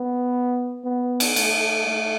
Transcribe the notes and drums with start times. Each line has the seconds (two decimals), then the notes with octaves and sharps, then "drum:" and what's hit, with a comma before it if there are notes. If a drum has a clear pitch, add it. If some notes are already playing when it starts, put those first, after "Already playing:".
Already playing: B3
0.84 B3
1.20 drum: cymbal
1.36 A3, drum: cymbal
1.87 A3